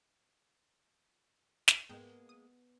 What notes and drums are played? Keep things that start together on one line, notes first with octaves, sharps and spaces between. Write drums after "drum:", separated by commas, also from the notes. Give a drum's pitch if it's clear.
drum: snare
G#2 G#3 A#3 B3 G5
D#6